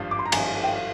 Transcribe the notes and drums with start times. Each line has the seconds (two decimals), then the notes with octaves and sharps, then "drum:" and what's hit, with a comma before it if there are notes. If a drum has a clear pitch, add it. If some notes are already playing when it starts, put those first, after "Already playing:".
Already playing: G#1 G2 F3
0.11 D6
0.19 C6
0.26 A#5
0.32 G#1 G2 F3 G#5, drum: cymbal
0.63 G5
0.69 F5